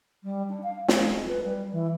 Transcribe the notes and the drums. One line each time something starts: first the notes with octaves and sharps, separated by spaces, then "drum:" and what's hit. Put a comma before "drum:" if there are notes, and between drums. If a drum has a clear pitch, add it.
G3
D4
F5
D4, drum: snare
G#3
B4
G3
E3